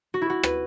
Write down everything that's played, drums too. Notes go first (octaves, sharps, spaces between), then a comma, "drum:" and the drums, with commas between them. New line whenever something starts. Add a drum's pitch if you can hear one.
F#4
E4
F#4
B4, drum: rim click